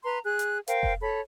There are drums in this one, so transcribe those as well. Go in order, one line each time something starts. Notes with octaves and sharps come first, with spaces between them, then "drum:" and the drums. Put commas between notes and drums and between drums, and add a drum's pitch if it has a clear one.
B4 A#5 C6
G#4 F#6
drum: hi-hat
A#4 C5 F5 G5, drum: hi-hat
drum: kick F1
A4 C#5 B5